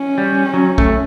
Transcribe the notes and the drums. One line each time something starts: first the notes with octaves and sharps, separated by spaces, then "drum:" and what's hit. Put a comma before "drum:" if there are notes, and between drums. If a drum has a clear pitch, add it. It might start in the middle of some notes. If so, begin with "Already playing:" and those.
Already playing: C#4
G3
F#3
A3, drum: kick B1